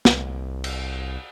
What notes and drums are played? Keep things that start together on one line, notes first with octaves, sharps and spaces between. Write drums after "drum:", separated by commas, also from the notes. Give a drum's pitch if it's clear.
C2, drum: snare
drum: cymbal